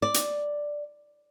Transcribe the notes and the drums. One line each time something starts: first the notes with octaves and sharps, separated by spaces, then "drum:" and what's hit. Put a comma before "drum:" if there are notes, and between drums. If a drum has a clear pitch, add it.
D5
drum: hi-hat